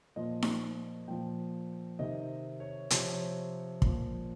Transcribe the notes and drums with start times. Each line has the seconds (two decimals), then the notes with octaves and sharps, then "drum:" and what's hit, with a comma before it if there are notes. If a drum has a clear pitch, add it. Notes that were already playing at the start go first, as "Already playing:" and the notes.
0.16 A#2 F3 D#5
0.42 drum: snare D#4
1.08 A#2 F3 G5
1.99 C3 D#3 D#5
2.60 C#5
2.90 C3 F3 C#5, drum: hi-hat
3.82 A#2 F3, drum: kick